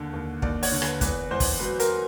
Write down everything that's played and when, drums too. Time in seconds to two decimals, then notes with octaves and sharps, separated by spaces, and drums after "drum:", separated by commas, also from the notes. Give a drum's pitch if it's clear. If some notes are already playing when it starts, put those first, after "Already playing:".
Already playing: D#2 D3
0.13 D#2
0.42 D#2 D5, drum: kick
0.63 C#5, drum: open hi-hat
0.72 D3
0.82 B4, drum: rim click
1.01 E2 B4, drum: kick, hi-hat
1.31 E2 C5
1.40 drum: kick, open hi-hat
1.60 F#3 B4
1.80 A#4, drum: hi-hat